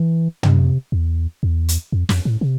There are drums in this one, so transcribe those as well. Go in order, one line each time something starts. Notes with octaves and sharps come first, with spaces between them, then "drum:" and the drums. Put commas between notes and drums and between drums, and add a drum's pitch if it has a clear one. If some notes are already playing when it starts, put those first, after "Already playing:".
Already playing: E3
C3, drum: tom
E2
E2
drum: hi-hat
F2
F2, drum: snare
A2
C3